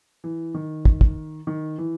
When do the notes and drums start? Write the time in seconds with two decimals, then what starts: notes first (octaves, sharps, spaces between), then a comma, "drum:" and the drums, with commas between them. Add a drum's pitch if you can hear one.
0.24 E3
0.54 D#3
0.85 drum: kick
1.01 drum: kick
1.47 D#3
1.78 E3